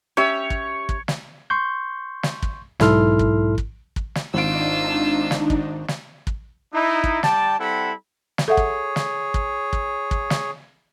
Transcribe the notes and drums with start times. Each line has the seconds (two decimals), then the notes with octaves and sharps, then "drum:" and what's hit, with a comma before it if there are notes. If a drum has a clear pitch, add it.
0.17 C#4 G4 C#5 E5
0.50 drum: kick
0.89 drum: kick
1.08 drum: snare
1.50 C6 C#6 G6
2.23 drum: snare
2.42 drum: kick
2.80 B1 G#2 E4 A4 C6 F6, drum: snare
3.19 drum: kick
3.58 drum: kick
3.96 drum: kick
4.15 drum: snare
4.34 G#1 D4 D#4 F4 E6 D7
5.31 drum: snare
5.50 drum: kick
5.88 drum: snare
6.27 drum: kick
6.74 D#4 E4
7.04 drum: kick
7.23 G3 D5 G5 A5, drum: snare
7.59 G3 C4 E4 A4 F#5 B5
8.38 drum: snare
8.48 G#4 A4 C#5 E5 F#5
8.57 drum: kick
8.96 drum: snare
9.34 drum: kick
9.73 drum: kick
10.11 drum: kick
10.30 drum: snare